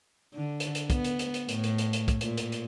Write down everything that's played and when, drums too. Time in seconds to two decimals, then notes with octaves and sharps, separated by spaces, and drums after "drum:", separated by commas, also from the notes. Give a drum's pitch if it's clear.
0.34 D3
0.60 drum: hi-hat
0.75 drum: hi-hat
0.90 B3, drum: kick, hi-hat
1.04 drum: hi-hat
1.19 drum: hi-hat
1.34 drum: hi-hat
1.49 A2, drum: hi-hat
1.64 drum: hi-hat
1.78 drum: hi-hat
1.93 drum: hi-hat
2.08 drum: kick, hi-hat
2.21 A#2, drum: hi-hat
2.37 drum: hi-hat
2.52 drum: hi-hat